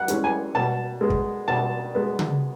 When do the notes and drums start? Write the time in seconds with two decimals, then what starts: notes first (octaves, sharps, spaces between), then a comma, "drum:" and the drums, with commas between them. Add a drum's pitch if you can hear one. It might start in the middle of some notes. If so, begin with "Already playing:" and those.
Already playing: F#2 F#5
0.08 E3 G#3 C#4, drum: hi-hat
0.24 G#5
0.55 B2 A5
1.01 G#3 B3
1.10 drum: kick
1.48 B2 A5
1.95 G#3 B3
2.19 drum: tom C#3